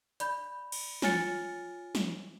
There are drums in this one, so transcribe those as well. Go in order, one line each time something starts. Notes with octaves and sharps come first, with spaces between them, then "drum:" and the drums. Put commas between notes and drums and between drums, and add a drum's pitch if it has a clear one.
D5 B5 G6, drum: hi-hat
drum: cymbal
F4 C#5 G#5 F6 A6 C#7, drum: snare
drum: snare